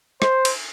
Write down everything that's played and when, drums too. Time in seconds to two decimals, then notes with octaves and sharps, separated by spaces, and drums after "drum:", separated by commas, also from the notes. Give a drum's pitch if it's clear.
0.22 C5, drum: rim click
0.45 drum: cymbal